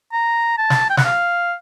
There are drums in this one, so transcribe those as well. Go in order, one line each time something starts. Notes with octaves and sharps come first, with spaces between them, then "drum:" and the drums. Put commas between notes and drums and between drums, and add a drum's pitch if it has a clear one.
A#5
A5
drum: snare
G5
F#5, drum: snare
F5